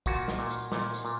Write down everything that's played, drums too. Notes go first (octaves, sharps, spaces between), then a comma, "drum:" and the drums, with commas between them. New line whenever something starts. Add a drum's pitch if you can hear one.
A#2 F#4, drum: kick, tambourine
drum: snare
A#2
drum: tambourine
A#2, drum: snare
drum: tambourine
A#2